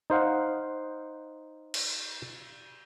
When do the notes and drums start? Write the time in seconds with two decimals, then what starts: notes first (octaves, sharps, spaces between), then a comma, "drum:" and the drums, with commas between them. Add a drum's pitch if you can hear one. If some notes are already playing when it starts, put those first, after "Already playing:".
0.10 D#4 C5 F5 F#5
1.74 drum: cymbal